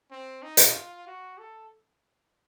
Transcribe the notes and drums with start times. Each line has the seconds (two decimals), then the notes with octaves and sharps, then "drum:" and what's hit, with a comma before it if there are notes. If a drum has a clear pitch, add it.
0.11 C4
0.43 D#4
0.57 drum: hi-hat
0.74 F4
1.07 F#4
1.38 A4